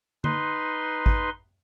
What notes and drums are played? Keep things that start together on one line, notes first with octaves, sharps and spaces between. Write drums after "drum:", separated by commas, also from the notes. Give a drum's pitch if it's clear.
D#4 B4 C6, drum: tom D3
drum: kick G#1